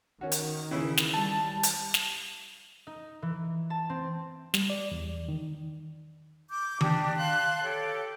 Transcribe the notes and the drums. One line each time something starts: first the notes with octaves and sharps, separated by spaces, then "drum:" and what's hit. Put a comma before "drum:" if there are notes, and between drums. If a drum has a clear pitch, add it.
D#3 C#4 F#4
drum: hi-hat
C#3 E3 E4
drum: snare
G3 A5
drum: hi-hat
drum: snare
D#4
E3
A5
C4
G3, drum: snare
D5
E2
D#3
D6 G6
D4 G4, drum: tom D#3
F5 A5 C6 F#6
G4 A4 C#5